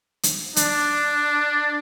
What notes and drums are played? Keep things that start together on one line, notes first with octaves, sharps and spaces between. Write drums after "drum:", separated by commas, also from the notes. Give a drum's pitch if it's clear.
drum: hi-hat
D4, drum: hi-hat